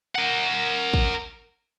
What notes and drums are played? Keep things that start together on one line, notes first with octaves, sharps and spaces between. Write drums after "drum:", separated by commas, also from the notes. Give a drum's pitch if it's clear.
A#4 F#5
drum: kick